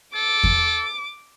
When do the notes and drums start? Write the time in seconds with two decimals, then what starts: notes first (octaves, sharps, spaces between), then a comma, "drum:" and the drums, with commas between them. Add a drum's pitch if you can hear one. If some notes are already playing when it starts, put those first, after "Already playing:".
0.15 A4 D6
0.44 drum: kick E2